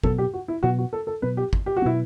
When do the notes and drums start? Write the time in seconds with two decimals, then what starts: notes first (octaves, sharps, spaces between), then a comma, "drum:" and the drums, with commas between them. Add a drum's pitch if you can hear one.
0.04 B2 F#3 B3 A4, drum: kick
0.18 G4
0.34 F#4
0.48 E4
0.63 B2 F#3 B3 F#4
0.79 F#4
0.93 A4
1.07 A4
1.22 B2 F#3 B3 B4
1.37 G4
1.53 drum: kick
1.66 G4
1.77 F#4
1.82 B2 F#3 B3 E4